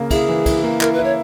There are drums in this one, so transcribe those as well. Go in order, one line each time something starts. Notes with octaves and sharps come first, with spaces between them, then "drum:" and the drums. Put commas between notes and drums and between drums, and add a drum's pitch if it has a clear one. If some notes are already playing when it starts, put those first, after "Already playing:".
Already playing: C#3 A#3
E4 G#4, drum: kick, cymbal
E3
E4, drum: kick, cymbal
A#3
E4 A#4, drum: clap
B4
E4
C#5